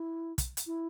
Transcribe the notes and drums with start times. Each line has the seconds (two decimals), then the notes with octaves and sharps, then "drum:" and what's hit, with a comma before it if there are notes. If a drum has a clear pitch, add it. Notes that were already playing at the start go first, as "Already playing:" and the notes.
Already playing: E4
0.38 drum: kick, hi-hat
0.57 drum: hi-hat
0.67 E4